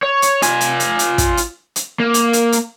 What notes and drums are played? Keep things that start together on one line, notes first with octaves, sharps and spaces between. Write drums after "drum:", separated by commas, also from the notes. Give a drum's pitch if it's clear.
C#5
drum: hi-hat
F4 G#5, drum: hi-hat
drum: hi-hat
drum: hi-hat
drum: hi-hat
drum: kick, hi-hat
drum: hi-hat
drum: hi-hat
A#3
drum: hi-hat
drum: hi-hat
drum: hi-hat